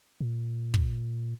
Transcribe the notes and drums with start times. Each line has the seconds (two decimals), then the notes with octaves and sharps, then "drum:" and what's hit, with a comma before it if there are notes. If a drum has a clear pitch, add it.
0.20 A#2
0.74 drum: kick